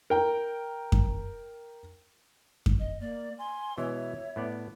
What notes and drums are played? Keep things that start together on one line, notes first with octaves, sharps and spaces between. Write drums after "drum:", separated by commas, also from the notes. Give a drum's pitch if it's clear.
A#4 G5
drum: kick F#2
drum: kick F#2
D#5
A#3 D5
G#5 C6
B2 E3 G#3 C#5 E5
A2 B3 D5